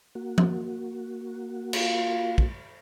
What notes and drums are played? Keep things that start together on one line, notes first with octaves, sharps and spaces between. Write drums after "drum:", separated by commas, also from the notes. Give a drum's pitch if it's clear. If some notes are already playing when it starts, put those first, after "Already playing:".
A#3 F#4
drum: tom F3
F4, drum: cymbal
drum: kick